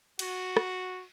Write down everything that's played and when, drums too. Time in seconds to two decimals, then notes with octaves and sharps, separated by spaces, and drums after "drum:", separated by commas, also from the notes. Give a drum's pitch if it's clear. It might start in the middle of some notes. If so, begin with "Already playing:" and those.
0.19 F#4, drum: cymbal
0.57 drum: rim click